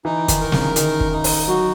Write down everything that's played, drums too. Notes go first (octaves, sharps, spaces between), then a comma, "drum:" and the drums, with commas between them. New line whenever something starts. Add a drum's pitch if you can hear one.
E3 D#4
D#3, drum: kick, hi-hat
A#4
C#3, drum: snare
D#3 D#4, drum: hi-hat
drum: kick
D#4
drum: open hi-hat
F#3 F#4